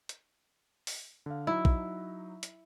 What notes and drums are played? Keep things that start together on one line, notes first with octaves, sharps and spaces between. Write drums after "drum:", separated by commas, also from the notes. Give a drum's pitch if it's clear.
drum: hi-hat
drum: open hi-hat
D3 F5
F#3 D#4 E4
drum: kick
drum: hi-hat